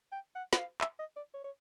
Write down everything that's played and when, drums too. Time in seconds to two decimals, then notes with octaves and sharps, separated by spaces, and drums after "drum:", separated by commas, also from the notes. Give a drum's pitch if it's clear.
0.12 G5
0.35 F#5
0.53 F#5, drum: snare
0.58 F5
0.81 E5, drum: clap
0.99 D#5
1.16 D5
1.34 C#5
1.44 C#5